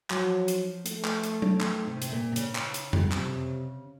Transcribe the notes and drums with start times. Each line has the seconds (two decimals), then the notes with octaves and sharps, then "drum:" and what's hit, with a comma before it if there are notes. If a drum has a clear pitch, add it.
0.10 F3 F#3, drum: clap
0.48 drum: hi-hat
0.86 A3, drum: hi-hat
1.05 drum: clap
1.23 drum: hi-hat
1.42 drum: tom F#3
1.61 D#3, drum: clap
1.87 C3
2.02 C3, drum: hi-hat
2.12 A#2
2.32 C3
2.36 C#3, drum: hi-hat
2.55 drum: clap
2.74 drum: hi-hat
2.93 drum: tom F2
3.12 C3, drum: clap